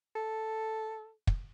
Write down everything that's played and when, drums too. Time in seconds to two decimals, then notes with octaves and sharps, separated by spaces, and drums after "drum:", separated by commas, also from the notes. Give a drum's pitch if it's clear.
0.16 A4
1.27 drum: kick